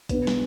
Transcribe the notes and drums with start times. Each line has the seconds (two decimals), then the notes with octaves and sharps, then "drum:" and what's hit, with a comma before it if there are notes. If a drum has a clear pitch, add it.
0.09 B2 B3 D4 B4, drum: kick, hi-hat
0.27 drum: snare